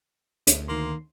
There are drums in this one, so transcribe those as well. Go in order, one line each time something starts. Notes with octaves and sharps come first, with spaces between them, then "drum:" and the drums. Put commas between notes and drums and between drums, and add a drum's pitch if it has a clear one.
D2, drum: hi-hat
D#3 A#3 C6